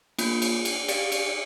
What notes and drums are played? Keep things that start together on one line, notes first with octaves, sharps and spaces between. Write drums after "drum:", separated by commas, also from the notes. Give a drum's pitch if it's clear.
A#3 D4 F4, drum: cymbal
drum: cymbal
drum: cymbal
G4 D5 F5, drum: cymbal
drum: cymbal